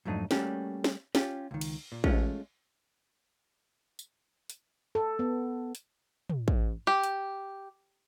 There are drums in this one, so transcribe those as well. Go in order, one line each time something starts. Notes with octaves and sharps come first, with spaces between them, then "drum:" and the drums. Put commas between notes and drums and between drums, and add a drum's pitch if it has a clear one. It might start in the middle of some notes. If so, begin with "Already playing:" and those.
F2 G#2 F#3 A3 D4 D#4
G3 A3 A#3 C#4 F#4 G4, drum: snare
drum: snare
C#4 F4 G4, drum: snare
C#2 D#3
drum: cymbal
A#2
G#3 A3 C#4 F4, drum: kick A1
drum: tambourine
drum: hi-hat
A4
B3
drum: hi-hat
drum: tom
drum: kick A1
G4
drum: hi-hat